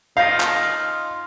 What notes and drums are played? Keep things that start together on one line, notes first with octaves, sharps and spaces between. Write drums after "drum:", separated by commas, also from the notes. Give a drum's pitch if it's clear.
D#4 F4 F5
drum: clap